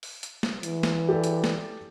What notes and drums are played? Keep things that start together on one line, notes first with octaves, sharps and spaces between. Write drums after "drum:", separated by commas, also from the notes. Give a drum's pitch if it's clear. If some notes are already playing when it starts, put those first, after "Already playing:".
drum: open hi-hat
drum: hi-hat
drum: snare
E3, drum: hi-hat
drum: snare
G4 A4 D5
drum: hi-hat
drum: snare